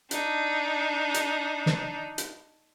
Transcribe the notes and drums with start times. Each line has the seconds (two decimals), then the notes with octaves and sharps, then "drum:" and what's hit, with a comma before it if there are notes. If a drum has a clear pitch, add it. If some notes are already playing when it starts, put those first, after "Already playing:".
0.11 D4 D#4, drum: hi-hat
1.14 drum: hi-hat
1.66 drum: snare
2.18 drum: hi-hat